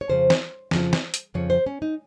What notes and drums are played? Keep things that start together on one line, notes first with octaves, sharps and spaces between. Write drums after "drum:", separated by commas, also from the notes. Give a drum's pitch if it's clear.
C#5
F2 C#3 F3 C5
drum: snare
F2 C#3 F3, drum: snare
drum: snare
drum: hi-hat
F2 C#3 F3 C#5
C5
C#4
D#4